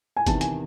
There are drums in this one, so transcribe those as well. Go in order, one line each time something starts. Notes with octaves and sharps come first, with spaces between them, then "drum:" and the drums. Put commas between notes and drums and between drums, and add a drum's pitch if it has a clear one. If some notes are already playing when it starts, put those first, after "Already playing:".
G#5
E2 C3 D#3 A5, drum: kick, hi-hat
G#5, drum: hi-hat